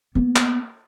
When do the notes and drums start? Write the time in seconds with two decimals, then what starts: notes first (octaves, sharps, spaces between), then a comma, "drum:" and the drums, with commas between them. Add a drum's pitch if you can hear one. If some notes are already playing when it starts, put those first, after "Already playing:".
0.15 A#3 B3
0.36 drum: clap